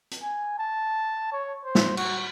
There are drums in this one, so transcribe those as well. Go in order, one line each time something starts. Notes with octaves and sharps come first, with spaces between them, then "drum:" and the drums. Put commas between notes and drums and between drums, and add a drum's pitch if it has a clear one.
drum: hi-hat
G#5
A5
C#5
C5
drum: snare
F#4, drum: cymbal